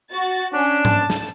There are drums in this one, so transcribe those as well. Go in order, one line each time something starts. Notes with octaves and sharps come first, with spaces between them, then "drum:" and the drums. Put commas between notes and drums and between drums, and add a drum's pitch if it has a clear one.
F#4 A6
C#4 D4
A5, drum: tom G#2
drum: snare